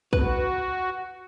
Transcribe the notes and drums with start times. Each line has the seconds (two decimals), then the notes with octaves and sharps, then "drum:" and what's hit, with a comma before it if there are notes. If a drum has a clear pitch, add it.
0.13 F#4 B4, drum: kick